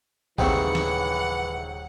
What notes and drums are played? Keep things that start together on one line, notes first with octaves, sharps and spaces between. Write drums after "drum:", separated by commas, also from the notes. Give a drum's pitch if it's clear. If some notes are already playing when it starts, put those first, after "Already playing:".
D#1 G#2 C#3 E3 A3 C4 G4 F#5, drum: kick A1
drum: snare